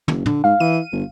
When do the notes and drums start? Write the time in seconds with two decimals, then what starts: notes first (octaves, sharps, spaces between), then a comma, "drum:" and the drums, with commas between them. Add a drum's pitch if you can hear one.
0.08 F#1, drum: tom
0.26 D3, drum: tom
0.44 G#2 F5
0.60 E3 D#7
0.92 G1